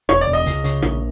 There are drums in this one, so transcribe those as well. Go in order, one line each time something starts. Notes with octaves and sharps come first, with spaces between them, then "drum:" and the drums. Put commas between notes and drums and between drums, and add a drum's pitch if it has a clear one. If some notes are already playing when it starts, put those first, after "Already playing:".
E1 C#5, drum: rim click
D5
E1
D#5
C#2, drum: hi-hat
C#3, drum: hi-hat
A#1, drum: rim click